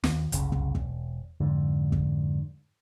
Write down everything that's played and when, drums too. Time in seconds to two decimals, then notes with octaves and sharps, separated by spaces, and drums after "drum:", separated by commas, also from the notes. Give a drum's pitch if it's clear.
0.04 D#2, drum: snare
0.32 F#1 C2 C#3, drum: hi-hat
0.52 drum: kick
0.75 E1, drum: kick
1.40 F2 G#2 D3
1.92 drum: kick